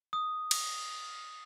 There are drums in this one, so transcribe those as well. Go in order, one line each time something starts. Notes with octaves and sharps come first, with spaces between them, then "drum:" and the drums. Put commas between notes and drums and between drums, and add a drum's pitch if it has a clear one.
D#6
drum: cymbal